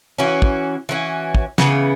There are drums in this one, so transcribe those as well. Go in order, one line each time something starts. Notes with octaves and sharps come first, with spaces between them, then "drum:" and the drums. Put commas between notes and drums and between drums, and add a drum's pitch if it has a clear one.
E3 C#4 F#4
drum: kick
E3 C#4 F#4
drum: kick
C#3 E3 B3, drum: snare